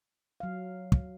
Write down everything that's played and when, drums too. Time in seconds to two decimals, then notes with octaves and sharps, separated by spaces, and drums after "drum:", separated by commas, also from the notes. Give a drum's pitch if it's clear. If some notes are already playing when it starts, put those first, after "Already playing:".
0.40 F#3 F5
0.92 drum: kick